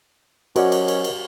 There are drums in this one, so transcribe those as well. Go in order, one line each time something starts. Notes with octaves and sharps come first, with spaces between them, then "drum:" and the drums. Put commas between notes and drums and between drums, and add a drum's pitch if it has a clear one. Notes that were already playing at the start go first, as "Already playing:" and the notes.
F#3 C#4 F#4 A#4 C5 D5 D#5, drum: cymbal
drum: cymbal
drum: cymbal
drum: cymbal